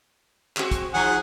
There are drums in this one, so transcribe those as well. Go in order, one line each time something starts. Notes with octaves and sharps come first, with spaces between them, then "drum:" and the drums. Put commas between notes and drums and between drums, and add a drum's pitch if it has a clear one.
G#3 C4 F#4, drum: clap
drum: kick, hi-hat
G#2 F3 D#4 G#4 F#5